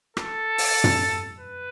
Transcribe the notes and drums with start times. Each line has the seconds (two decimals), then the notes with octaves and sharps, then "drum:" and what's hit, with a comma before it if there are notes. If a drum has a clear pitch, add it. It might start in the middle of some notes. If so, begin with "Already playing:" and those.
0.17 A4, drum: rim click
0.58 drum: open hi-hat
0.84 drum: tom
1.40 B4